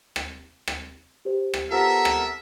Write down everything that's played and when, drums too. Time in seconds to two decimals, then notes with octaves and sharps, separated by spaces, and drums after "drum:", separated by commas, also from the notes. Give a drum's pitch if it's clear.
0.16 drum: rim click
0.67 drum: rim click
1.25 G4 C5
1.54 drum: rim click
1.71 B3 F4 G4 A4 A#4 C5 E5
2.05 drum: rim click